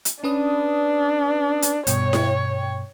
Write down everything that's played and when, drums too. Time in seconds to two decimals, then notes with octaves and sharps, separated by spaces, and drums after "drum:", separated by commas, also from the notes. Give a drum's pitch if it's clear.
0.05 drum: hi-hat
0.24 C#4 D4 B4 D#6
1.62 drum: hi-hat
1.87 G2 B2 C#5 G5, drum: hi-hat
2.13 drum: snare E4